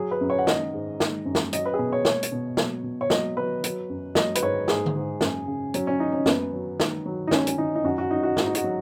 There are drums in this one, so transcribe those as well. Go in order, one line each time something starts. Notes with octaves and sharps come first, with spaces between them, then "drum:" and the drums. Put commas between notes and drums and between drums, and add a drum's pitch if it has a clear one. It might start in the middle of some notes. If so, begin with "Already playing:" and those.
Already playing: F#3 G#4
B4
F#2
C#5
F#5
D#3 D#5, drum: snare
G#2
D#3, drum: snare
F#2
drum: snare
F#3 D#5, drum: hi-hat
B4
G#4
B2 B4
C#5
B2 C#5, drum: snare
drum: hi-hat
B2
F#3, drum: snare
B2
C#5
F#3 D#5, drum: snare
F#3 B4
F#3, drum: hi-hat
F#2
F#3 D#5, drum: snare
B4, drum: hi-hat
G#2 C#5
G#2 G#4, drum: snare
drum: tom D3
G#2
F#2, drum: snare
C#3
F#3 C#4, drum: hi-hat
C#4
F#3 D#4
C#4
F#2 B3, drum: snare
F#3
D#3, drum: snare
F#3
D#4
D#3 C#4, drum: snare
C#4, drum: hi-hat
D#3 D#4
D#4
F#2 F#4
F#4
F#2 D#4
F#4
G#2 F#4, drum: snare
D#4
F#4, drum: hi-hat
F#3